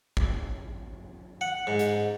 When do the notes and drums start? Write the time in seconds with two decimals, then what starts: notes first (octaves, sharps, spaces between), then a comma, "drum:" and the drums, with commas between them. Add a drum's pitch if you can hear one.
0.17 drum: kick A1
1.41 F#5
1.67 G#2
1.79 drum: hi-hat